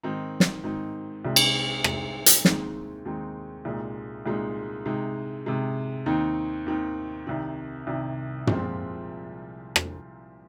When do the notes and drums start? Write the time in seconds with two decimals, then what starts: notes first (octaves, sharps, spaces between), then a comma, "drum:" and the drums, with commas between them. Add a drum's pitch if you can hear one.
0.03 G#2 D#3 C4 D#4
0.40 drum: snare
0.64 G#2 D#3 C4 D#4
1.25 C2 C3 G#3 D#4
1.36 drum: cymbal
1.84 C2 C3 G#3 D#4, drum: rim click
2.26 drum: hi-hat
2.45 D#2 D#3 G#3 C4 D#4, drum: snare
3.05 D#2 D#3 G#3 C4 D#4
3.65 C2 A#2 G#3 D#4
4.26 C2 A#2 G#3 D#4
4.86 C3 G#3 D#4
5.46 C3 G#3 D#4
6.06 D#2 D#3 C4 D#4
6.66 D#2 D#3 C4 D#4
7.27 C2 C3 D#3
7.87 C2 C3 D#3
8.47 C2 A#2 F3 G#3 C4, drum: tom
9.76 drum: rim click